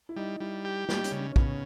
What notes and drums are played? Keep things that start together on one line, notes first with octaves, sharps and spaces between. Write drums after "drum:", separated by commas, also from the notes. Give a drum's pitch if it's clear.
E4
G3 D#4
G3 E4
G4
G3 D#4, drum: snare
C#4, drum: hi-hat
C#3
C#4
C#4
C#3 B3, drum: kick A#1